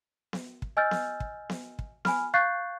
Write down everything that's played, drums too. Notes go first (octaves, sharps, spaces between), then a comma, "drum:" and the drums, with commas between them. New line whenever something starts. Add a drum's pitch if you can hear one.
drum: snare B3
drum: kick
D#5 G#5 E6 F6 G6 A6
drum: snare B3
drum: kick
drum: snare B3
drum: kick
G#5 B5 F6, drum: snare B3
F5 C#6 F#6 G6 A6 C7